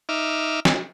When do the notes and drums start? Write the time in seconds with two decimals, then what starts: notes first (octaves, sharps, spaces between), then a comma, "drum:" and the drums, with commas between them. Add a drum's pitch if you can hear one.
0.09 D#4 E5 D6 F6
0.65 drum: snare